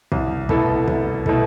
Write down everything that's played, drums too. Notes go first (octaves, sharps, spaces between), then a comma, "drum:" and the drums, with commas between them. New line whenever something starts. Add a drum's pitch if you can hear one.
C2, drum: kick
B2 A3 E4 A4, drum: kick
C2, drum: kick
B2 A3 E4 A4, drum: kick